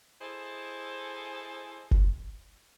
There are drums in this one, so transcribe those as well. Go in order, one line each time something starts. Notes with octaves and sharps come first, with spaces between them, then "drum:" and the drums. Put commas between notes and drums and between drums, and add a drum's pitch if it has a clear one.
E4 G#4 A4 C5 D#5
drum: kick F#1